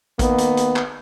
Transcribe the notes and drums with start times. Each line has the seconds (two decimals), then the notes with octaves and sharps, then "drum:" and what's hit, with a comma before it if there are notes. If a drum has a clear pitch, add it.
0.19 D#3 A#3 B3, drum: kick, hi-hat
0.38 drum: hi-hat
0.57 drum: hi-hat
0.76 drum: clap